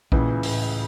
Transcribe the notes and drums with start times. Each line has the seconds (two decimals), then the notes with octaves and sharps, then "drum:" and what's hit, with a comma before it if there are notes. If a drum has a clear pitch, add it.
0.12 C#2 A#2 C#3 E3, drum: kick A#1
0.43 A2, drum: open hi-hat